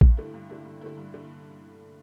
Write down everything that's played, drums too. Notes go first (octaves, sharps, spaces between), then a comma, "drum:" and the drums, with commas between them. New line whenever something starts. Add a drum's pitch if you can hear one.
G2, drum: kick A#1
D3 A3 E4
G2
D3 A3 E4
G2
D3 A3 E4
G2
D3